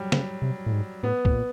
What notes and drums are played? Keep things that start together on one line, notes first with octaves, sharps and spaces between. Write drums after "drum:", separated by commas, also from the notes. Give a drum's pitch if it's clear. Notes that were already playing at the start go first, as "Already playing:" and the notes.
Already playing: F#3 G3
C#3, drum: snare
C3
A2
G#2
A2 B3
A2, drum: kick
A#2